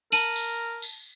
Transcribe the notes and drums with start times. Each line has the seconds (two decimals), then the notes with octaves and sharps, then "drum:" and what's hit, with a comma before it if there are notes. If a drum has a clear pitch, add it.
0.12 A#4 A5 D#7 F#7, drum: tambourine
0.36 drum: tambourine
0.82 drum: tambourine